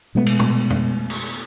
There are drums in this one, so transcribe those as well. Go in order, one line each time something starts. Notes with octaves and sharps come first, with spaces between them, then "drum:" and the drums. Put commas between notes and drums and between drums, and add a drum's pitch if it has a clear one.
B2 G#3 A3 B3
drum: cymbal
drum: tom
drum: tom
drum: cymbal